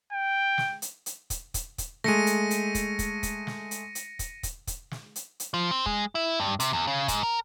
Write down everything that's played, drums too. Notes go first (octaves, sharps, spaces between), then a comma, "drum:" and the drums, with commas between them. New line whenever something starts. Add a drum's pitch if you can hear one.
G5
drum: snare
drum: hi-hat
drum: hi-hat
drum: kick, hi-hat
drum: kick, hi-hat
drum: kick, hi-hat
G#3 A3 A#6 C#7 D#7, drum: snare
drum: hi-hat
drum: hi-hat
drum: kick, hi-hat
drum: kick, hi-hat
drum: kick, hi-hat
drum: snare
drum: hi-hat
drum: hi-hat
drum: kick, hi-hat
drum: kick, hi-hat
drum: kick, hi-hat
drum: snare
drum: hi-hat
drum: hi-hat
F3
C4
G#3, drum: kick
E4
G2
C3, drum: hi-hat
E2
C#3
G#2, drum: kick, hi-hat
A#4